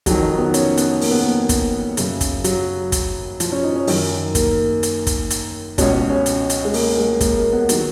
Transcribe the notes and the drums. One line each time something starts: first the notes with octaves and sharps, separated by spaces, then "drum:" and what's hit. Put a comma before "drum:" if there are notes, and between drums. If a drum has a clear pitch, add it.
F2 D#3 F#3, drum: kick, hi-hat
D#4
B3
C#4, drum: hi-hat
B3, drum: hi-hat
A#3, drum: open hi-hat
B3
A#3
drum: kick, hi-hat
F#2 C#3, drum: hi-hat
drum: kick, hi-hat
F#3, drum: hi-hat
drum: kick, hi-hat
F3, drum: hi-hat
C#4
D#4
C#4
F#2 D#3, drum: open hi-hat
A#3, drum: kick, hi-hat
drum: hi-hat
drum: kick, hi-hat
drum: hi-hat
C#2 B2 C#4, drum: kick, hi-hat
C#4
C#4
drum: hi-hat
drum: hi-hat
G#3
A#3, drum: open hi-hat
G#3
A#3, drum: kick, hi-hat
A#3
B3
D#3 F#3, drum: hi-hat